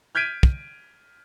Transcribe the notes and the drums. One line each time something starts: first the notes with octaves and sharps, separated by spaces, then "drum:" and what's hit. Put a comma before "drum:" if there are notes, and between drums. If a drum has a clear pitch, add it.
F6 G6 G#6 B6 D7 D#7
drum: kick